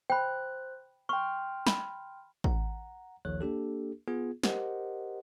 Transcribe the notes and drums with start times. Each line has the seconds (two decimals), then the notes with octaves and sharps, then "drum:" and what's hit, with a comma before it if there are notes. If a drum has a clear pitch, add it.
0.10 C5 G5 B5 F#6
1.09 G5 C6 C#6 F6
1.67 B5, drum: snare
2.44 F#5 A#5, drum: kick
3.25 A#1 D#2 D#3 F3 C#5 F#6
3.41 A#3 D4 G4 A4
4.08 B3 F4 G#4
4.44 G4 A#4 C5 D#5 F#5, drum: snare